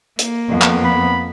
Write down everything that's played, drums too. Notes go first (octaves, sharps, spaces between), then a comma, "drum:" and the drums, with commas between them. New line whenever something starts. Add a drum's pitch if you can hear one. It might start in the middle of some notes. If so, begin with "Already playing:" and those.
A#3, drum: hi-hat
F2 B3
drum: clap
B5